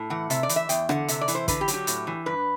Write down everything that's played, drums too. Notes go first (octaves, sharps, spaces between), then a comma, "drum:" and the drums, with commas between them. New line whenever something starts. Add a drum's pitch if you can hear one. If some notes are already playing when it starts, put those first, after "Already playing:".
Already playing: A2
E3 F#5
C3 E5, drum: hi-hat
D5
E3, drum: hi-hat
E5
E2 G5, drum: hi-hat
D3 F#5, drum: rim click
C3 E5, drum: hi-hat
D5
E3, drum: hi-hat
C5
D3 B4, drum: kick, hi-hat
G4
F#3, drum: hi-hat
G4
A2, drum: hi-hat
E3
G2 B4